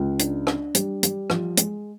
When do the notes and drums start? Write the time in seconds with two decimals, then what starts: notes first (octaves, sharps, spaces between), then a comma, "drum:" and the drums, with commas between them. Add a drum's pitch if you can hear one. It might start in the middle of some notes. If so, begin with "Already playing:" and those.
Already playing: C#2
0.19 D4, drum: hi-hat
0.47 D4, drum: rim click
0.75 G3, drum: hi-hat
1.03 G3, drum: hi-hat
1.30 F3, drum: rim click
1.57 G#3, drum: hi-hat